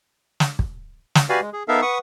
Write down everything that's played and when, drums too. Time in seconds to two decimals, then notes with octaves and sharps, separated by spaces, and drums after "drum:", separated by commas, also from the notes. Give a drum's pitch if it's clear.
0.40 drum: snare
0.59 drum: kick
1.15 drum: snare
1.29 F#4 G4 B4 D5 F5 G#5
1.41 G#3
1.53 G#4
1.68 B3 D#4 A4 A#4 E5 F5
1.82 B4 F#5 C#6 D#6